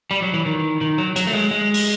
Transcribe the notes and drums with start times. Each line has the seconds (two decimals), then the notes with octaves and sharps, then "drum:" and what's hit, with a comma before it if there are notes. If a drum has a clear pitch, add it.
0.11 G3
0.22 F#3
0.34 E3
0.46 D#3
0.81 D#3
0.98 F#3
1.16 F#3, drum: hi-hat
1.27 A3
1.33 G#3
1.51 G#3
1.74 drum: open hi-hat